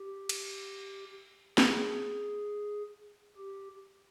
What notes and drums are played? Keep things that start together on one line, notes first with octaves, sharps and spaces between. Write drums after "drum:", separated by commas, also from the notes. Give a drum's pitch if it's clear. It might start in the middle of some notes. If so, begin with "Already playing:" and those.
Already playing: G4
drum: cymbal
G#4, drum: snare
G4